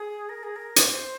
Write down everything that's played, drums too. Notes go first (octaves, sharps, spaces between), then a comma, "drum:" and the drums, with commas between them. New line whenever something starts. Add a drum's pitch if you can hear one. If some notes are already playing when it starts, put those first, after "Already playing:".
Already playing: G#4
A#4
G#4
A#4
C5, drum: hi-hat